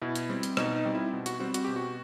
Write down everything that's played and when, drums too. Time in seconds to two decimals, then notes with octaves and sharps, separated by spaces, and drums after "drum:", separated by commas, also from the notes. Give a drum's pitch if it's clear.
0.02 B2 E4
0.15 drum: hi-hat
0.29 G3 C4
0.43 drum: hi-hat
0.57 B2 D#4, drum: rim click
0.76 D#4
0.85 G3 C4
0.95 E4
1.13 B2
1.26 F#4, drum: hi-hat
1.40 G3 C4 F#4
1.54 F#4, drum: hi-hat
1.64 B2 G4
1.76 F#4